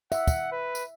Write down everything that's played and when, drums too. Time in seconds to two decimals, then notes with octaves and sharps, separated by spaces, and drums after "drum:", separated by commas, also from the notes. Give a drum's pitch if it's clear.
0.12 E5 F#5, drum: tambourine
0.27 drum: kick, tambourine
0.52 B4
0.75 drum: tambourine